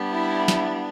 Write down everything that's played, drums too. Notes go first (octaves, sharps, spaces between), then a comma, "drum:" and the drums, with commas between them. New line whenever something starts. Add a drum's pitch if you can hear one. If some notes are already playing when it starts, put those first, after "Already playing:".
Already playing: G3 B3 D4
E4
drum: snare